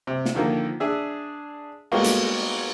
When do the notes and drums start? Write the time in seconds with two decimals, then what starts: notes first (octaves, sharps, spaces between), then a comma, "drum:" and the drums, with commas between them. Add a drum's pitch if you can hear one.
0.07 C3
0.25 drum: snare
0.35 D3 D#3 F3 A#3
0.80 D4 G#4 E5
1.92 G3 G#3 A#3 B3 F4 F#4, drum: cymbal
2.04 drum: hi-hat